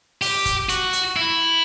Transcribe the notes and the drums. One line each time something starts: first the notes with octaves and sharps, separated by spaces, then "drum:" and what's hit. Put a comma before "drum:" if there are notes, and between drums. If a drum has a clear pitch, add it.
G4, drum: open hi-hat
drum: kick, hi-hat
F#4, drum: hi-hat
drum: hi-hat
E4